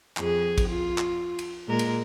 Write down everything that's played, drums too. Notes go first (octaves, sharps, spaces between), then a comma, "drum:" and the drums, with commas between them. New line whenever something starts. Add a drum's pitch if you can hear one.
F2 G#4, drum: clap
drum: kick, cymbal
F4
drum: clap
drum: cymbal
A#2 G#3 A#4
drum: cymbal